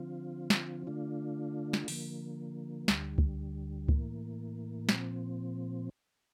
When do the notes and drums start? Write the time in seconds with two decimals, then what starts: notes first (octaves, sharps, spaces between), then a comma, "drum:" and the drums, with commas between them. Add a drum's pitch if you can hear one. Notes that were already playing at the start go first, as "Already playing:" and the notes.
Already playing: D3 F3 C4 F4
0.50 drum: snare
0.87 D3 A3 D4 F4
1.73 drum: snare
1.88 D3 F3 A#3, drum: open hi-hat
2.88 D2 D3 G3, drum: snare
3.18 drum: kick C#2
3.89 A2 E3 A#3, drum: kick C#2
4.89 A#2 F3 C4, drum: snare